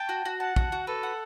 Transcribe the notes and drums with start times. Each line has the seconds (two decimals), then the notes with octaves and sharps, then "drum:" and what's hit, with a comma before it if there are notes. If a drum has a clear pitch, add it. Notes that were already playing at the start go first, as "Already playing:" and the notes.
Already playing: G5 A5
0.09 F#4
0.25 F#4
0.40 F#5 A5
0.56 F#4, drum: kick
0.72 F#4
0.87 A4 B4
1.03 F#5